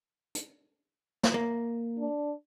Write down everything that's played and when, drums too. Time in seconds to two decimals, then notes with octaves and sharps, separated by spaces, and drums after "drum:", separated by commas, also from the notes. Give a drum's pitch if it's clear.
0.35 drum: hi-hat
1.23 drum: snare
1.34 A#3
1.98 D4